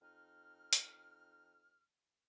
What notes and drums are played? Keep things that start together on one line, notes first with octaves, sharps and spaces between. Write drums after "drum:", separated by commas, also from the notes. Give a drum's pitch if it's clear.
F2 D#4 F6
drum: hi-hat